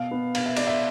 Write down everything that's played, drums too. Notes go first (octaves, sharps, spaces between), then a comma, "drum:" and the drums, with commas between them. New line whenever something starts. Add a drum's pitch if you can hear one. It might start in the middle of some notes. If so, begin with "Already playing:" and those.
Already playing: B2 F5
B3
B2 F5, drum: cymbal
E5
B3 D5, drum: cymbal
E5